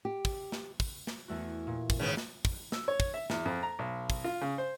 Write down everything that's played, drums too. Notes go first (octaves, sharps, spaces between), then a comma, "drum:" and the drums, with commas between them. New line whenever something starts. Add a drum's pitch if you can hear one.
G4
drum: kick, open hi-hat
drum: snare
drum: kick, open hi-hat
drum: snare
E2 A3 F#4
A#2
drum: kick, open hi-hat
G#1 C#3 B3
drum: snare
drum: kick, open hi-hat
E6, drum: snare
C#5
drum: kick, open hi-hat
E5
E2, drum: snare
F2
A#5
B1
drum: kick, open hi-hat
F4
C#3
C5